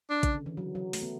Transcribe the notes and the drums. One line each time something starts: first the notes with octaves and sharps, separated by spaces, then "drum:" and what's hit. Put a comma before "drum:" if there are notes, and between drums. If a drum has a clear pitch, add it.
D4
C#3, drum: kick, hi-hat
D3
E3
F#3
F#3
A3, drum: open hi-hat
B3